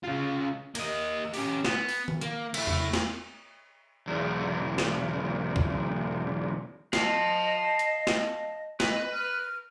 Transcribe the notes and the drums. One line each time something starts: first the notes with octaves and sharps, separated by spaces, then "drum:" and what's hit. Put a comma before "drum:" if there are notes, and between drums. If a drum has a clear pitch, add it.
C#3 F4
A#3 D#5, drum: cymbal
C#4 G4, drum: open hi-hat
B3, drum: snare
drum: open hi-hat
drum: tom D#3
A#3, drum: hi-hat
A3 E4, drum: cymbal
drum: tom E2
drum: snare
B1 E2
drum: snare
drum: kick
D#5 F5 A5, drum: snare
drum: hi-hat
drum: snare
B4 D#5, drum: snare
F6